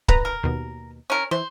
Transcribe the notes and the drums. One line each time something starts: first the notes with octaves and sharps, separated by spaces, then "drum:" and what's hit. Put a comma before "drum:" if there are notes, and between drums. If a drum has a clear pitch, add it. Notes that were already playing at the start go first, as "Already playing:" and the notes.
B4 A#5, drum: kick C#1
A#4
D#2 B2
C#4 A#4
E3 C5